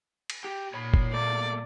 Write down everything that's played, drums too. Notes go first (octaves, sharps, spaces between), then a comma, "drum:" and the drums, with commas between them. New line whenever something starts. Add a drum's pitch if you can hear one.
drum: cymbal
G4
A#2 C#5 B5
drum: kick
A3 A#3 D5